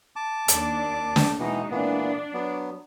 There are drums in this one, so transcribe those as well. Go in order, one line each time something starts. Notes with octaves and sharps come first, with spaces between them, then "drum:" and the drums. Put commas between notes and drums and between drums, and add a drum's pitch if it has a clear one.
A5 D6
D#2 D4 D5, drum: hi-hat
drum: snare
B2 E3 G#3 D#4
A#2 E3 B3 D4
F#3 B3